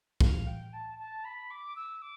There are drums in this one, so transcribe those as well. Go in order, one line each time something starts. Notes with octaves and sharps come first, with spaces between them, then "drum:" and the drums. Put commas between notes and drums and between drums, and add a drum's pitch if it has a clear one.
F5, drum: kick
G5
A5
A5
B5
D6
E6
D6